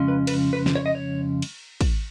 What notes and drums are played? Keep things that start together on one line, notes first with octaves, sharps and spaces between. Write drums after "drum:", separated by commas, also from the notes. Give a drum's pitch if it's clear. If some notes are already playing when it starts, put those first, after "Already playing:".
Already playing: F2 C#3 G#3 C#4
B4
B4, drum: cymbal
B4
drum: snare
C#5
D#5
C#5
drum: cymbal
drum: kick, cymbal